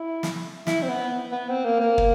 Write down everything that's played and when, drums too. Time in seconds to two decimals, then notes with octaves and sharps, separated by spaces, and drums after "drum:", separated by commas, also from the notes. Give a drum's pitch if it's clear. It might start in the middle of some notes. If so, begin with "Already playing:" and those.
Already playing: E4
0.23 drum: snare
0.67 E4, drum: snare
0.83 C4
0.89 B3
1.32 B3
1.49 C4
1.65 A#3
1.81 A#3
1.98 drum: kick